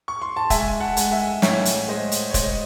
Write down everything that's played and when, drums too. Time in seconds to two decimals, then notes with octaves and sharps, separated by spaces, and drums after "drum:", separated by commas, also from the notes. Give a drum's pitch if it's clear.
0.08 C#6
0.22 C6
0.36 A5
0.50 G#3 E5 G#5, drum: kick, hi-hat
0.80 F#5 A5
0.97 G#3, drum: hi-hat
1.11 E5 G#5
1.42 A2 C#5 E5, drum: snare
1.65 drum: hi-hat
1.88 G#3 C5 D#5
2.12 drum: hi-hat
2.30 C#5
2.34 G#3 C5 D#5, drum: kick, hi-hat